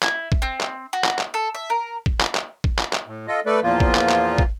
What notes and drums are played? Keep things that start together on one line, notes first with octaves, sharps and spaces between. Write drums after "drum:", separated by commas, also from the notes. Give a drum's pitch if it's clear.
E4, drum: clap
drum: kick
C4
drum: clap
F#4
drum: clap
drum: clap
A4
E5
A#4
drum: kick
drum: clap
drum: clap
drum: kick
drum: clap
drum: clap
A2
F4 A4 D#5
A3 A4 B4 D5
E2 A#2 F3 A#3 F4
drum: kick
drum: clap
drum: clap
drum: kick